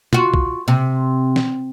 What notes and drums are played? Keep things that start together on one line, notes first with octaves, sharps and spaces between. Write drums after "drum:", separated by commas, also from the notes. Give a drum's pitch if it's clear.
F4 F#4, drum: tom
drum: kick
C3
drum: snare